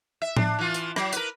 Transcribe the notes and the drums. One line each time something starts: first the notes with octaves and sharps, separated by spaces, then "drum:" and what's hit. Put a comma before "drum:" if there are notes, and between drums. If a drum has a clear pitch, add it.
E5
D4, drum: tom
E3 F4
drum: hi-hat
F#3, drum: rim click
A#4 B4, drum: hi-hat